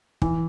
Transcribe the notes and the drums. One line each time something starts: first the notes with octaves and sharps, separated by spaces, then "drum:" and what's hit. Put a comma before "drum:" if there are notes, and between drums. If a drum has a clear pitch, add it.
E3, drum: kick